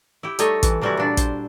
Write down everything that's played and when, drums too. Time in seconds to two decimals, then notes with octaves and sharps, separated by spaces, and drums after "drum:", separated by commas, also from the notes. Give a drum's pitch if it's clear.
0.23 E4 G4
0.39 G3 A3 D#4 C#5 D#5 E5, drum: hi-hat
0.63 E3, drum: kick, hi-hat
0.81 C3 E3 G3 C#4 E4 F#4
0.97 A#2 D4
1.17 C5, drum: kick, hi-hat